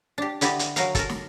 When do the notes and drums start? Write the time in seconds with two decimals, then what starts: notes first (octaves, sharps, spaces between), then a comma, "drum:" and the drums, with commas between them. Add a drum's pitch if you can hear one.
0.18 D4 G4
0.41 D3 E4 G4 D5 D#5, drum: hi-hat
0.59 drum: hi-hat
0.76 F#3 A#4 F5, drum: hi-hat
0.95 A4 A#4, drum: kick, hi-hat
1.09 drum: snare